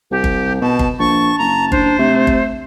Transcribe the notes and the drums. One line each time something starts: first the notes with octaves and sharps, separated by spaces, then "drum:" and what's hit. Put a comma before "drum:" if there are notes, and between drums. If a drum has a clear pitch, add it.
C2 G4
drum: kick G1
B2 A5
drum: kick G1
A#1 A5 C#6
F#1 A#5
D4 C5, drum: kick G1
C3 A3
drum: kick G1